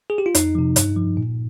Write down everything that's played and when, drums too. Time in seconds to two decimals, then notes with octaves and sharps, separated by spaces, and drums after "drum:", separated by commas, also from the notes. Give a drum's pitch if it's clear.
0.10 G#4
0.18 G4
0.26 F4
0.35 F2 D#4, drum: hi-hat
0.55 C3 F3
0.76 G2, drum: hi-hat
0.97 F3
1.17 A#2